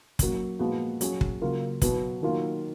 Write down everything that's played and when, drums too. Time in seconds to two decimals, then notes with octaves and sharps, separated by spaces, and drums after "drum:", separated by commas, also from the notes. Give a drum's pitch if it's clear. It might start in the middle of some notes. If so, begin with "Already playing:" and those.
0.19 F#3 A#3 C#4, drum: kick, hi-hat
0.59 A#2 F3 G#3 B3 F#4
1.01 F#3 C#4 G#4, drum: hi-hat
1.21 drum: kick
1.41 C#3 F#3 A#3 F4 A#4
1.82 B2 F#3 B3 F#4 B4, drum: kick, hi-hat
2.22 D#3 F#3 A#3 F4